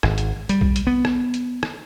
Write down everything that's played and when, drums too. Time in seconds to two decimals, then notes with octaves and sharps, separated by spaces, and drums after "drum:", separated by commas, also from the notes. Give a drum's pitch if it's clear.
0.03 G#1, drum: rim click
0.18 drum: hi-hat
0.49 G3, drum: hi-hat
0.61 drum: kick B1
0.76 drum: hi-hat
0.87 B3
1.05 drum: rim click
1.34 drum: hi-hat
1.63 drum: rim click